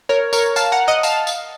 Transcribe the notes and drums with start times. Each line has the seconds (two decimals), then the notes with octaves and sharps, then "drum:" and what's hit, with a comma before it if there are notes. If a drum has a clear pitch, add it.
0.09 A#4 C#5
0.33 A#4 C#5, drum: tambourine
0.56 F5 A5, drum: tambourine
0.72 F#5 A#5
0.88 D#5 F#5
1.03 F5 A5, drum: tambourine
1.27 drum: tambourine